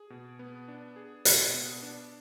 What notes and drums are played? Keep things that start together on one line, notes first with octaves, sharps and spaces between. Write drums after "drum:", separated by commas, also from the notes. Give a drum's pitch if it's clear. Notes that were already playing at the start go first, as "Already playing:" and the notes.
Already playing: G#4
B2
B3
D4
G#4
B2, drum: hi-hat
B3
D4